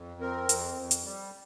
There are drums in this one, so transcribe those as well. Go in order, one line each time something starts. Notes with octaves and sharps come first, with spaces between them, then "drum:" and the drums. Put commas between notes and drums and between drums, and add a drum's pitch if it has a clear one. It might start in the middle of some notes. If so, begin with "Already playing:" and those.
Already playing: F2
C4 A#4
F2, drum: hi-hat
F2
drum: hi-hat
G3